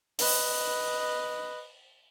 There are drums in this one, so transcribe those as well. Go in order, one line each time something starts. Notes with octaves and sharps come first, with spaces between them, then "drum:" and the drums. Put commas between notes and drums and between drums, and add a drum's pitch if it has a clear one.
B4 D#5, drum: open hi-hat